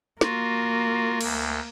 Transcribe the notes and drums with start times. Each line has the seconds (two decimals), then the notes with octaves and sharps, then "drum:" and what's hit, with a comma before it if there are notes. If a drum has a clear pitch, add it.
0.21 A#3 F4 F#4, drum: snare
1.21 D2, drum: cymbal